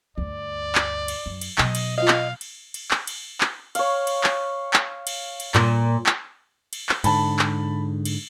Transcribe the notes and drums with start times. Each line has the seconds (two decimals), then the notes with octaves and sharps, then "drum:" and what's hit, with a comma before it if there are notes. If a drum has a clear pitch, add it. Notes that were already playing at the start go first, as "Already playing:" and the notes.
0.18 D2 G2 D5
0.75 drum: clap
1.08 drum: cymbal
1.26 F#2
1.41 drum: cymbal
1.58 B2 F#3 D#5, drum: clap
1.75 drum: cymbal
1.98 F4 C5 D#5 F5
2.08 drum: clap
2.41 drum: cymbal
2.74 drum: cymbal
2.91 drum: clap
3.07 drum: cymbal
3.41 drum: clap
3.75 C#5 F5, drum: cymbal
4.07 drum: cymbal
4.24 drum: clap
4.73 drum: clap
5.07 drum: cymbal
5.40 drum: cymbal
5.54 A#2, drum: clap
6.06 drum: clap
6.73 drum: cymbal
6.89 drum: clap
7.04 G#2 D3 A5 B5, drum: cymbal
7.39 drum: clap
8.05 drum: cymbal